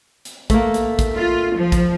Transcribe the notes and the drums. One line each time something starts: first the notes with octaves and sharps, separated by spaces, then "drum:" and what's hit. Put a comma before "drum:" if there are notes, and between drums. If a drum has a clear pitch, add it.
drum: hi-hat
A3 A#3, drum: kick, hi-hat
drum: hi-hat
drum: kick, hi-hat
F4
F3
drum: kick, hi-hat